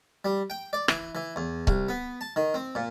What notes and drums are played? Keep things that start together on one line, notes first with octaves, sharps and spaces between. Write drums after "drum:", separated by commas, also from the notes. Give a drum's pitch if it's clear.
G3
G5
D5
E3, drum: rim click
E3
E2
C2, drum: kick C#1
B3
A5
D#3
C4
A#2